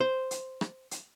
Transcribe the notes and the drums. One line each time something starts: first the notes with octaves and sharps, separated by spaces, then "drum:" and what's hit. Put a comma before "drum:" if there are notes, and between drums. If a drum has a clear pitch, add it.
C5
drum: hi-hat
drum: rim click
drum: hi-hat